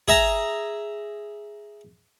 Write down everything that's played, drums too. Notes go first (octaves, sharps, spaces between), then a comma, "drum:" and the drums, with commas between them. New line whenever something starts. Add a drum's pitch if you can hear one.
G#4 E5 A#5, drum: kick